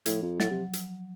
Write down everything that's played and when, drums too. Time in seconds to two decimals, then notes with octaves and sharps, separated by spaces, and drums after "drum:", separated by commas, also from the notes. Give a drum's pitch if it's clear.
0.06 A2 F3, drum: hi-hat
0.22 F2
0.40 A2 F#3, drum: snare
0.50 C3
0.73 drum: hi-hat